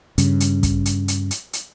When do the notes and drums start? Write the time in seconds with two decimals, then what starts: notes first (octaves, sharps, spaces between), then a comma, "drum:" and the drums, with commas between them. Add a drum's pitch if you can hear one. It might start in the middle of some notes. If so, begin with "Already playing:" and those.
0.18 G2 C#3, drum: hi-hat
0.40 drum: hi-hat
0.63 drum: kick, hi-hat
0.86 drum: hi-hat
1.08 drum: hi-hat
1.31 drum: hi-hat
1.53 drum: hi-hat